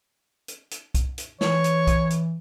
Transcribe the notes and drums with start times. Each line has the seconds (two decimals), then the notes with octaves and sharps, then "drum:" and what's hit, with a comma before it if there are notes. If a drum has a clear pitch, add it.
0.48 drum: hi-hat
0.71 drum: hi-hat
0.94 drum: kick C2, hi-hat
1.18 drum: hi-hat
1.41 E3 C#5, drum: snare
1.64 drum: hi-hat
1.87 drum: kick C2, hi-hat
2.10 drum: hi-hat